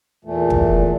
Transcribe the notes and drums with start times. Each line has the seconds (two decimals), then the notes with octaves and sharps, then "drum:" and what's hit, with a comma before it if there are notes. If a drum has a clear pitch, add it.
0.25 E2 A#2 E3 A3
0.50 drum: kick